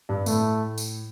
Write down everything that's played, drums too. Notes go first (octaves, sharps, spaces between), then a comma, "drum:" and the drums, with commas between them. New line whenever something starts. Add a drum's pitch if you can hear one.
G2
A2 A3, drum: tambourine
drum: tambourine